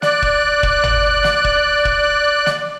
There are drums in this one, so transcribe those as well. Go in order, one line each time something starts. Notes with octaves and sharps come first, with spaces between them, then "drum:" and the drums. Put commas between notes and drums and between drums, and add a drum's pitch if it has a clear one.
D5 F#6, drum: snare
drum: kick
drum: kick
drum: tom
drum: snare
drum: kick
drum: kick
drum: snare